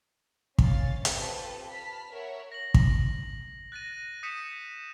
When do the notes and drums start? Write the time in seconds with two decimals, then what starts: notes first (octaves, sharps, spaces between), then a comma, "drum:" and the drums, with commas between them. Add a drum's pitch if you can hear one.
0.58 C#4 C#5 F5 A6, drum: kick
1.05 C4 F4 G4 A4 B4 A5, drum: hi-hat
1.70 A5 B5 F6 B6
2.10 A#4 C#5 E5 F#5
2.52 A#6 F#7
2.74 drum: kick
3.72 F#6 A6 A#6 D#7
4.23 D#6 G6 B6 C#7 D#7 E7